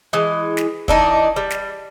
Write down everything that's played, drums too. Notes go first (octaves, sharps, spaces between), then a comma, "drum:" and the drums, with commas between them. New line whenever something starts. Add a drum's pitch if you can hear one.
E3 G#3
drum: snare
E3 D4 D#4, drum: kick
G3
drum: snare